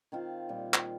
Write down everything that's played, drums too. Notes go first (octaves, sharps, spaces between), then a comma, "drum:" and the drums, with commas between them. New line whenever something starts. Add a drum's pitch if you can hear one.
D#3 C4 F4
A#2 G3 C4
drum: clap